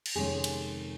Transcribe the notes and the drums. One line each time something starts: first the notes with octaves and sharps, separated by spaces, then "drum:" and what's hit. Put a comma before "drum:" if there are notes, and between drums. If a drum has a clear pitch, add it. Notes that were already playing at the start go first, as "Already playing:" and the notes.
drum: cymbal
F2 C3 D#3 G#3 C#4 G#4
drum: cymbal